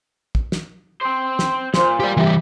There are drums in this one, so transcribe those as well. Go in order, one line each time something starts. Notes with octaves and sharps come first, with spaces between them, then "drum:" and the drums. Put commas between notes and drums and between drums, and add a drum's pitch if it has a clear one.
drum: kick
drum: snare
C4 C5
drum: snare
A#2 C5 C6, drum: snare
G4 D5
E3 G3 G4 E5